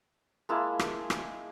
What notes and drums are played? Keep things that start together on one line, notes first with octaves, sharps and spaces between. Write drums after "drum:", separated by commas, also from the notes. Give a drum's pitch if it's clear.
G#3 A#3 E4 A5
drum: rim click
drum: rim click